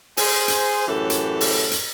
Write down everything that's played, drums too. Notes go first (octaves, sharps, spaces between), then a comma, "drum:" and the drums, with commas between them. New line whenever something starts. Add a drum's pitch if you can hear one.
G#4 C5, drum: open hi-hat
drum: hi-hat
F#2 A2 E3 G4 A4
drum: hi-hat
drum: open hi-hat
drum: hi-hat